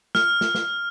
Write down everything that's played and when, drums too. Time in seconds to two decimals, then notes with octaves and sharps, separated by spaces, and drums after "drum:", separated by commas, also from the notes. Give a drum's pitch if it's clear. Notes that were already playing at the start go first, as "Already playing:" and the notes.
0.15 F6, drum: snare
0.41 drum: snare
0.55 drum: snare